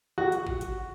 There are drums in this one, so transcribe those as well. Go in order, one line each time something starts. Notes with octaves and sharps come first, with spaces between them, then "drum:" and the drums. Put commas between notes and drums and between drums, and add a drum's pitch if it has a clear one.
F#4
drum: hi-hat
drum: kick G#1
drum: hi-hat